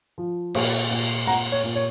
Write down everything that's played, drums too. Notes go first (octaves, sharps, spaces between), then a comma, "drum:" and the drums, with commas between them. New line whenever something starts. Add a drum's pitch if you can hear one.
F3
A#2, drum: cymbal
A#2
A#2 F#5 A#5
C#5
A#2
C#5